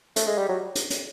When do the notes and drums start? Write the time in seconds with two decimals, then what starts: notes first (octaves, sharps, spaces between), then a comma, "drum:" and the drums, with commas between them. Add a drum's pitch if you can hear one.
0.16 A3, drum: hi-hat
0.27 G#3
0.38 G3
0.49 F#3
0.75 drum: hi-hat
0.90 drum: hi-hat